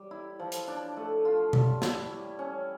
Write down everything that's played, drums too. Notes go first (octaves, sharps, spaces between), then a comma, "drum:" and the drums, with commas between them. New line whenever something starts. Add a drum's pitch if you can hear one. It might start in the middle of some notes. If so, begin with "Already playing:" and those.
Already playing: G3
E4
F3
drum: hi-hat
D4
A3
F4
G3, drum: tom B2
E4, drum: snare
G3
C#4